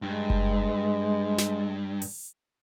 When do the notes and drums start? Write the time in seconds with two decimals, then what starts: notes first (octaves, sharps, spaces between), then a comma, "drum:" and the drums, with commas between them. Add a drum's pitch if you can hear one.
0.02 G2 G#3
0.30 drum: kick F#1
1.38 drum: snare
2.02 drum: open hi-hat